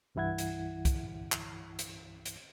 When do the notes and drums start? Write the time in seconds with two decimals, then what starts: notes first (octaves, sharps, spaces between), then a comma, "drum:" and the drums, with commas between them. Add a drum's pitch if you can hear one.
0.15 C2 G2 E3 E4 F#5 G#6
0.38 drum: hi-hat
0.85 drum: kick, hi-hat
1.32 drum: clap
1.79 drum: hi-hat
2.26 drum: hi-hat